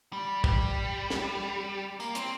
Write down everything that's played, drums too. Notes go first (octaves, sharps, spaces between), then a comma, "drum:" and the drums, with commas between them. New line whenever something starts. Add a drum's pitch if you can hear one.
G3
G3, drum: kick
drum: snare
A#3, drum: tambourine
C4, drum: hi-hat